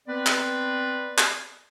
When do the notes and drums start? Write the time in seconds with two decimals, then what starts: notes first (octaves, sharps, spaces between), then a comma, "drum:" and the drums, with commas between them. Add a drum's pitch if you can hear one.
0.08 B3 C4 B4 D5
0.26 drum: clap
1.18 drum: clap